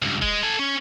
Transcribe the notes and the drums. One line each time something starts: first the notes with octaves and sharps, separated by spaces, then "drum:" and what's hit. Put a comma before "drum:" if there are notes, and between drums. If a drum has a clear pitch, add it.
C#2 G2
G#3, drum: kick
A4 G#5
C#4